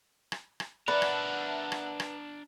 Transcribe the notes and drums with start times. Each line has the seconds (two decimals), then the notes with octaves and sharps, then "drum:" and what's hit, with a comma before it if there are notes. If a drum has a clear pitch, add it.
0.32 drum: rim click
0.60 drum: rim click
0.88 D4 A#4 B4 D5 E5 F#5 A5
1.02 drum: rim click
1.72 drum: rim click
2.00 drum: rim click